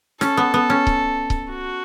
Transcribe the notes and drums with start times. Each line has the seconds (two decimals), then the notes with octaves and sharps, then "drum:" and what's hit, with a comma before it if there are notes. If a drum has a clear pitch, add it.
0.21 C#4 A4, drum: snare
0.37 B3
0.54 B3
0.70 C#4
0.87 drum: kick C#1
1.30 drum: kick C#1
1.51 F#4